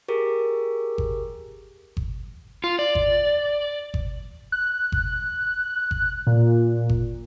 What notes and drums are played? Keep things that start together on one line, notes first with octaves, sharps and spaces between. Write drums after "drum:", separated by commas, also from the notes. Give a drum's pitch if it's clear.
G4 G#4 A#4
drum: kick G1
drum: kick G1
F4
D5
drum: kick G1
drum: kick G1
F#6
drum: kick G1
drum: kick G1
A#2
drum: kick G1